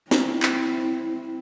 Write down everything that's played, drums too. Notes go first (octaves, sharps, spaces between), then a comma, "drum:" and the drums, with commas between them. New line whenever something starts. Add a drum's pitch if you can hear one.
C4 E4, drum: snare
drum: clap